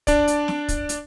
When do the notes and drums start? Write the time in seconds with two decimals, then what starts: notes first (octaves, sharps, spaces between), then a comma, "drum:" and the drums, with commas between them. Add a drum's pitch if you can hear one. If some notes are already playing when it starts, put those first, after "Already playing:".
0.07 D4 D5, drum: kick, hi-hat
0.28 drum: hi-hat
0.48 drum: snare
0.68 drum: kick, hi-hat
0.89 drum: hi-hat